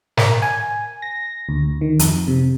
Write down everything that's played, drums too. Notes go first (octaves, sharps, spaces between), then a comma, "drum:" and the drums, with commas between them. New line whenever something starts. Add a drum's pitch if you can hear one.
A#4, drum: snare
G#5
A#6
D2
D#3
F2, drum: hi-hat
C3